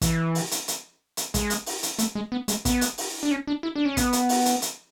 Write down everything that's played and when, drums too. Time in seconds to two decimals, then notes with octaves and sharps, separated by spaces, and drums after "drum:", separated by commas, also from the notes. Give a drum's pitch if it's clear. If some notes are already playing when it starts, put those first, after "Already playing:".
0.02 E3, drum: kick, hi-hat
0.35 drum: open hi-hat
0.51 drum: hi-hat
0.68 drum: hi-hat
1.17 drum: hi-hat
1.34 G#3, drum: kick, hi-hat
1.50 drum: hi-hat
1.66 drum: open hi-hat
1.83 drum: hi-hat
1.99 A3, drum: hi-hat
2.15 G#3
2.32 B3
2.48 G#3, drum: hi-hat
2.65 B3, drum: kick, hi-hat
2.81 drum: hi-hat
2.98 drum: open hi-hat
3.23 D4
3.31 C#4
3.48 D4
3.63 E4
3.76 D4
3.85 C#4
3.97 B3, drum: kick, hi-hat
4.13 drum: hi-hat
4.29 drum: open hi-hat
4.45 drum: hi-hat
4.62 drum: hi-hat